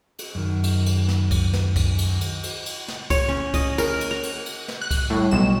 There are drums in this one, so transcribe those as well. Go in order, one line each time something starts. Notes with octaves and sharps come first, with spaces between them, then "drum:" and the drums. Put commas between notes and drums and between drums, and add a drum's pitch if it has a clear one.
drum: cymbal
F#2 D#3
drum: cymbal
drum: cymbal
drum: snare
drum: kick C2, cymbal
drum: snare
drum: kick C2, cymbal
drum: cymbal
drum: cymbal
drum: cymbal
drum: cymbal
drum: snare
C#5, drum: kick C2, cymbal
C#4
D#5, drum: kick C2, cymbal
A#4, drum: cymbal
drum: cymbal
A#5
drum: cymbal
drum: cymbal
drum: snare
F#6
drum: kick C2, cymbal
A2 G3 C#6
B1 E7